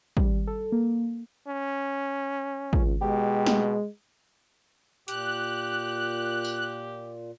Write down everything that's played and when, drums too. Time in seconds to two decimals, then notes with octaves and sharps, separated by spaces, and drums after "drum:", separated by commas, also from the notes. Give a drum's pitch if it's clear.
0.17 G3, drum: kick
0.47 A4
0.72 A#3
1.48 C#4
2.73 C#2, drum: kick
3.02 B2 G#3 G4
3.46 drum: snare
5.08 A#2 G4 F#6, drum: hi-hat
6.44 drum: tambourine